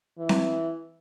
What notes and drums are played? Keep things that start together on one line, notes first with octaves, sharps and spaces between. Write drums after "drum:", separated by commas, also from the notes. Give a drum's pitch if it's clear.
E3
drum: snare C4